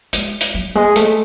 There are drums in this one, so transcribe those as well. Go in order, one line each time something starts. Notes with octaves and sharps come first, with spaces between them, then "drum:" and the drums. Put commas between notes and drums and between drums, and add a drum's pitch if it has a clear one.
G#3, drum: hi-hat
drum: hi-hat
F#3
G#3
A3, drum: hi-hat